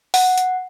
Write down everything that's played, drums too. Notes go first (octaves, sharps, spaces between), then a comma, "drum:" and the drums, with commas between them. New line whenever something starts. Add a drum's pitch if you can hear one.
F#5, drum: open hi-hat
drum: hi-hat